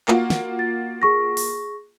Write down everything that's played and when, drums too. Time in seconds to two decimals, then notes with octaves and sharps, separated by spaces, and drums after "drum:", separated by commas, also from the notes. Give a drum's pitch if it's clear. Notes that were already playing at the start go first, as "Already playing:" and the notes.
0.08 A#3 F4 F#4, drum: clap
0.30 drum: snare
0.59 A6
1.02 G#4 C#6 A#6
1.37 drum: open hi-hat